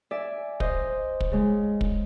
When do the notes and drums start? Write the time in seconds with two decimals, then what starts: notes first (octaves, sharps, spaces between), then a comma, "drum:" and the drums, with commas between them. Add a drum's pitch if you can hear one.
0.11 D5 E5 G#5
0.60 C5 D#5, drum: kick
1.20 drum: kick
1.32 C#3 G#3
1.81 drum: kick